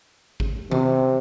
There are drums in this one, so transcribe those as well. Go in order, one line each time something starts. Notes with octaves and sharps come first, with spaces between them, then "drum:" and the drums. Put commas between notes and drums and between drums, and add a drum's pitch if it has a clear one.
drum: kick G#1
C3, drum: tom D#3